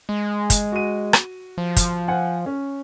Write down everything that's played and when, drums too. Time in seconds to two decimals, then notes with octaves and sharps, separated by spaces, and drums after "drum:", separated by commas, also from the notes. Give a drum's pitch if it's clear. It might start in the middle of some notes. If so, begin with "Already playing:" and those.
0.09 G#3
0.50 drum: kick, hi-hat
0.72 F#4 D#7
1.13 drum: rim click
1.58 F3
1.76 drum: kick, hi-hat
2.08 C5 F#5 G#5
2.46 C#4